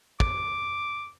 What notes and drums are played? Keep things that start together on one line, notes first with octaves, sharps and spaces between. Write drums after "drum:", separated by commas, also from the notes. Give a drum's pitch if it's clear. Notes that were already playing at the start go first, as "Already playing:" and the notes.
D6, drum: kick